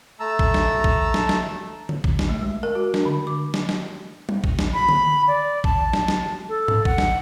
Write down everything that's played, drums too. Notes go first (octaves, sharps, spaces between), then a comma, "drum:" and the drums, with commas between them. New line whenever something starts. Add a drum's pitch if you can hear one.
A3 A5 A#5 E6
drum: kick
drum: snare
drum: kick
drum: snare
drum: snare
drum: tom D3
drum: kick
drum: snare
A3
G#3
A#4
F#4
D4, drum: snare
D3
D6
drum: snare
drum: snare
drum: tom G3
drum: kick
drum: snare
B5
drum: tom D3
D5
A5, drum: kick
drum: snare
drum: snare
A4
drum: tom G#2
F#5, drum: kick
drum: snare